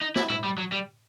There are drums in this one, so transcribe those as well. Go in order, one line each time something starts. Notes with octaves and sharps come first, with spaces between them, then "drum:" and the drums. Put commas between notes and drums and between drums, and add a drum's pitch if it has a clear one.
D#4
E4, drum: snare
E4, drum: tom A2
G3
F#3
G3